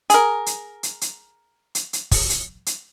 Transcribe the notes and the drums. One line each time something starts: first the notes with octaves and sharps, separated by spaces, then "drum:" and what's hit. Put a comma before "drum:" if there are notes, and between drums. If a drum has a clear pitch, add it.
G#4 A#4, drum: hi-hat
drum: hi-hat
drum: hi-hat
drum: hi-hat
drum: hi-hat
drum: hi-hat
drum: kick, open hi-hat
drum: hi-hat
drum: hi-hat